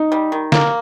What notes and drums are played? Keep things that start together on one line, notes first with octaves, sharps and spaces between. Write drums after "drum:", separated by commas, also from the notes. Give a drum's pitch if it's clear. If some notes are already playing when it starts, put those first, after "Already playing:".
Already playing: D#4
G3
D#3
A#3, drum: snare